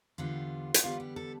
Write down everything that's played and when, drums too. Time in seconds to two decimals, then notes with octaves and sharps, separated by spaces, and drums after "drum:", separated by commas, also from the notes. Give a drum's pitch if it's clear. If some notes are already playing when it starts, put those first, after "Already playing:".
0.18 E2 D3 G3 B3 F4
0.74 drum: hi-hat
0.84 E2 D3 G3 B3 F4
1.00 G4
1.16 A4